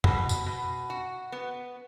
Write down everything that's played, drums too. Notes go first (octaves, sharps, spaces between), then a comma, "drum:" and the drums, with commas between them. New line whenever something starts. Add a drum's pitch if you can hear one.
B2, drum: tom F2
drum: tambourine
B2
F#4
B3